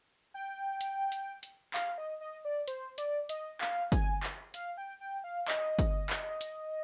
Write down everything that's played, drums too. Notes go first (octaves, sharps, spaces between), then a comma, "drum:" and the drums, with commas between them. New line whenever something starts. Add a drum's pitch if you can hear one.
G5
drum: hi-hat
drum: hi-hat
drum: hi-hat
F5, drum: clap
D#5
D#5
D5
C5, drum: hi-hat
D5, drum: hi-hat
D#5, drum: hi-hat
F5, drum: clap
G#5, drum: kick G1, hi-hat
drum: clap
F5, drum: hi-hat
G5
G5
F5
D#5, drum: clap
drum: kick G1, hi-hat
drum: clap
drum: hi-hat